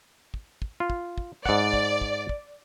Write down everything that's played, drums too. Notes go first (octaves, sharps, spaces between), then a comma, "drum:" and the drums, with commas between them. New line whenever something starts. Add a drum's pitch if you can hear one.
drum: kick
drum: kick
F4
drum: kick
drum: kick
G#2 D5 F#5, drum: kick
drum: kick
drum: kick
drum: kick